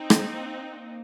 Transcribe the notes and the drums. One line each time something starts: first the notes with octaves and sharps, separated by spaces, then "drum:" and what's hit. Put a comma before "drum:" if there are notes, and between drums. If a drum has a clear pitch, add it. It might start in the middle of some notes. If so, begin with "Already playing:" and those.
Already playing: C4 D#4
A#3, drum: rim click